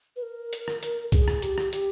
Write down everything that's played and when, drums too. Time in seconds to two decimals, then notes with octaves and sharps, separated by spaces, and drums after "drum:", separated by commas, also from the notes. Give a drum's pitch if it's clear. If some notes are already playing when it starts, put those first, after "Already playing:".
0.16 B4
0.23 A#4
0.53 drum: hi-hat
0.68 drum: rim click
0.83 drum: hi-hat
1.12 G#4, drum: kick, hi-hat
1.28 drum: rim click
1.42 G4, drum: hi-hat
1.58 drum: rim click
1.73 G4, drum: hi-hat